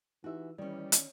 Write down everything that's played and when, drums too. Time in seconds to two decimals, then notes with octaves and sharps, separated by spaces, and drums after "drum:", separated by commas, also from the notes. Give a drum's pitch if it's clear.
0.24 E3 D#4 E4 F#4 G4 E5
0.58 D#3 E3 G3 C#4 D5
0.92 drum: hi-hat